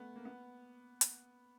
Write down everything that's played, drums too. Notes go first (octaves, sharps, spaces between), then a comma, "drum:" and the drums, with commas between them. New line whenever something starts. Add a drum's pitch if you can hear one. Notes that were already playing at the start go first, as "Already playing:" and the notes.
Already playing: A3 B3
A#3
B3
drum: hi-hat